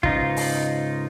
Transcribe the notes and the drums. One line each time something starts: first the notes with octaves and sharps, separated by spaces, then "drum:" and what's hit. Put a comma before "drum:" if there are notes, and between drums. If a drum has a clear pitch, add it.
G#2 C#3 D#4 F4, drum: kick
drum: open hi-hat